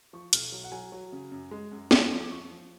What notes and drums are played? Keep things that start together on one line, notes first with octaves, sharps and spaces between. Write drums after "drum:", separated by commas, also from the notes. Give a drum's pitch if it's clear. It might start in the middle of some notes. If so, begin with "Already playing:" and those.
F3 C#6
B1 F6, drum: hi-hat
F#3
F#5
F#3 G#5
F#3
C#3
F#2
G#3
F#2
F2 G#5, drum: snare
F3
D6
F2 C#6
F3